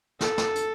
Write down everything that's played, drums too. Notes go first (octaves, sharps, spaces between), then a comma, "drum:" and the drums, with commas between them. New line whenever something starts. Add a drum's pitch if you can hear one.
A4, drum: snare
drum: snare
drum: hi-hat